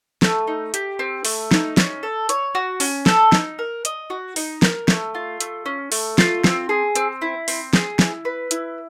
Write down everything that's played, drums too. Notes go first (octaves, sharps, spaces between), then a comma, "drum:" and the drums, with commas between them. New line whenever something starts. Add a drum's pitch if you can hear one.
A3, drum: snare
D#4
G4, drum: hi-hat
C4
A3, drum: open hi-hat
D#4, drum: snare
C#4, drum: snare
A4
C#5, drum: hi-hat
F#4
C#4, drum: open hi-hat
A4, drum: snare
D#4, drum: snare
A#4
D#5, drum: hi-hat
F#4
D#4, drum: open hi-hat
A#4, drum: snare
A3, drum: snare
F4
A3, drum: hi-hat
C#4
A3, drum: open hi-hat
F4, drum: snare
C4, drum: snare
G#4
C4, drum: hi-hat
E4
C4, drum: open hi-hat
G#4, drum: snare
E4, drum: snare
B4
E4, drum: hi-hat